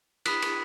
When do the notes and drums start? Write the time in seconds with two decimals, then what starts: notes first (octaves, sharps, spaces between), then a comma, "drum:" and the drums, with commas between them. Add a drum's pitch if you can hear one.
0.25 B5 D#6 F#6 B6, drum: cymbal
0.42 drum: cymbal